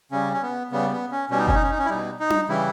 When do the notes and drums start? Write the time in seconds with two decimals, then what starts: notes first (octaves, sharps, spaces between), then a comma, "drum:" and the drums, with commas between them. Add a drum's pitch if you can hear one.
0.12 C#3 G3 C#4
0.33 C#4
0.42 B3
0.72 C#3 G3 B3
0.92 B3
1.11 C#4
1.30 B2 G3 C#4
1.38 D#4
1.47 C#4, drum: kick F#1
1.55 D#4
1.63 C#4
1.70 D#4
1.79 C#4
1.85 E4
1.89 B2 G3 D#4
2.20 D#4
2.30 drum: tom D4
2.49 C#3 E3 G3 E4